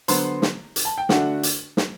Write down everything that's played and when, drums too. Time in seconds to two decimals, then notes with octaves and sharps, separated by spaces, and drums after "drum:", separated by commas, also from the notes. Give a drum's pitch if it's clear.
0.08 D3 F#3 B3 C5 C6, drum: hi-hat
0.42 drum: snare
0.76 drum: hi-hat
0.85 A5
0.98 G5
1.09 D3 A3 D4 F#4 F#5, drum: snare
1.43 drum: hi-hat
1.77 drum: snare